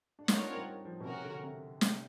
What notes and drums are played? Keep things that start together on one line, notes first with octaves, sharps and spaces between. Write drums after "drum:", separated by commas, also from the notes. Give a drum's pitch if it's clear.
D4
D#4 F4 A#4 C#5 F#5, drum: snare
D4
C4
G3
F3
B2
C3 C#4 F#4 A#4
D3
C3
C3, drum: snare